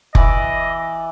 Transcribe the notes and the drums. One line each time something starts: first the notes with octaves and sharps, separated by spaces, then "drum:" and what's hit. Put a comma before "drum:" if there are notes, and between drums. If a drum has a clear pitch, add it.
E3 D5 D#5, drum: kick F1